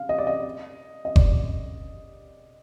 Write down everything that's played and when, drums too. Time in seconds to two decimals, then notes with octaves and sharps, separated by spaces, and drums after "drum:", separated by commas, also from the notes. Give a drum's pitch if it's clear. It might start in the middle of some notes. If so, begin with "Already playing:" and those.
Already playing: F5
0.09 D#5
0.18 D5
0.27 D#5
1.05 D#5
1.16 D5, drum: kick F#1